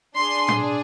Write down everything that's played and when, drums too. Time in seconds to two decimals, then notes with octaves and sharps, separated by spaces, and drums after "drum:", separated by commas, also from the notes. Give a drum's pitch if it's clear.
0.16 D4 G#4 C6
0.48 drum: tom A2